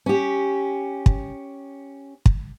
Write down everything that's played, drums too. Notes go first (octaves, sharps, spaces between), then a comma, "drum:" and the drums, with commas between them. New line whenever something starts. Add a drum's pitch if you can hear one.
C#4 G4
drum: kick
drum: kick